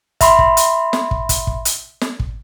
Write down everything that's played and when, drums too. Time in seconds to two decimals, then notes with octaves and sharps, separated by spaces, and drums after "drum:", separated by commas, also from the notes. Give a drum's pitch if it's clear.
0.21 E5 B5 C6, drum: kick, hi-hat
0.39 drum: kick
0.57 drum: hi-hat
0.93 drum: snare
1.11 drum: kick
1.29 drum: kick, hi-hat
1.47 drum: kick
1.65 drum: hi-hat
2.01 drum: snare
2.20 drum: kick